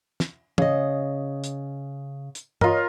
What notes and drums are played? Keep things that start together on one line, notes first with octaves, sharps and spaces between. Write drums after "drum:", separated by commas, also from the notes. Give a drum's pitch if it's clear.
drum: snare
C#3 D#5, drum: tom
drum: hi-hat
drum: hi-hat
F4 A#4 C#5 D#5, drum: tom